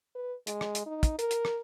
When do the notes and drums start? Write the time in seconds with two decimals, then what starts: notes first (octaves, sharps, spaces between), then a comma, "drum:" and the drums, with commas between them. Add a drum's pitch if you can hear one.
0.15 B4
0.47 G#3, drum: hi-hat
0.61 drum: rim click
0.75 drum: hi-hat
0.86 D#4
1.03 drum: kick, hi-hat
1.19 A#4, drum: hi-hat
1.31 drum: hi-hat
1.45 drum: rim click